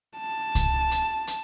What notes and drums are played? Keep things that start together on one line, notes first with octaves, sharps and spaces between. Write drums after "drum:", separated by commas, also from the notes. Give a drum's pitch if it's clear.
A5
drum: kick C2, hi-hat
drum: hi-hat
drum: hi-hat